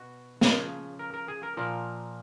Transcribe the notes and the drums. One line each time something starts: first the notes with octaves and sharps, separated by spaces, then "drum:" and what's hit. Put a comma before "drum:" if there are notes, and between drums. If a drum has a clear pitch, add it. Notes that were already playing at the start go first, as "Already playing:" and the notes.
Already playing: B2 F#4
C#3 F3 G#4, drum: snare
A#4
A#4
G#4
A#4
A#2 F3 A#4